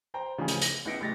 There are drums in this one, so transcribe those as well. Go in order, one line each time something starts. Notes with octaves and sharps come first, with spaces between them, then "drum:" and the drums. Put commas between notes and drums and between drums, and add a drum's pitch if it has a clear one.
C5 G5 A#5
D2 G#2 C#3 E3 F3
drum: hi-hat
A#6, drum: hi-hat
C#2 B3 E4 A#6 C#7 D7
F#1 A2 G4 A6 A#6